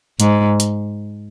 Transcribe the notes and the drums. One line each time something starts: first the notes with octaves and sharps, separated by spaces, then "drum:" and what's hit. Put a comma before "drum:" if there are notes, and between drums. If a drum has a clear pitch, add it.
G#2, drum: hi-hat
drum: hi-hat